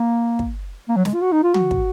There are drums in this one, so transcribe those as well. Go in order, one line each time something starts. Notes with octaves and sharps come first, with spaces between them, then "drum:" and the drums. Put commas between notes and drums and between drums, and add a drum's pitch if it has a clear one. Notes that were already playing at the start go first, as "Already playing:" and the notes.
Already playing: A#3
drum: kick
A#3
F#3
G#3, drum: snare
F4
F#4
D#4
F4
F#4, drum: tom
drum: kick